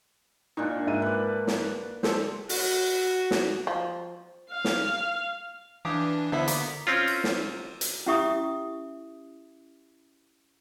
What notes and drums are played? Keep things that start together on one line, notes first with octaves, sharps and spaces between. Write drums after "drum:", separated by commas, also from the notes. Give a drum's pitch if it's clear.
A#2 D4 D#4 C#6
G#2 E5 D#7
B4 D5
drum: snare
G#3 A4 C5, drum: snare
F#4, drum: open hi-hat
drum: snare
F3
F5
drum: snare
E3 D4 G4 G#4 F5
D3 B3 E4 C5 B6
A#3, drum: hi-hat
C4 C#4 F4
drum: cymbal
drum: snare
drum: hi-hat
C#4 E4 G4 E5 C#6 D#6